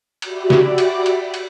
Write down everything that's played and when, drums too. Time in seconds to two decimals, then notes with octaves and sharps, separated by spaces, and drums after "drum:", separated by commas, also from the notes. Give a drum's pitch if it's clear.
0.22 F#4 G4 D5 E5 B5 D6, drum: cymbal
0.50 drum: snare
0.78 drum: cymbal
1.06 drum: cymbal
1.34 drum: cymbal